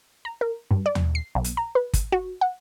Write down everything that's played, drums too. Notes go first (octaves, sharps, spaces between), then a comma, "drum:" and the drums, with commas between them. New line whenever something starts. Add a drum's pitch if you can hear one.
A#5
A#4
G2
D5
drum: tom
C7
B1
drum: hi-hat
A#5
B4
drum: kick, hi-hat
F#4
F#5